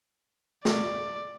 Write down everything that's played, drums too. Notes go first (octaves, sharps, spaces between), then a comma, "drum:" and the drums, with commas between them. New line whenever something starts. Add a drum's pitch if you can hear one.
D5, drum: snare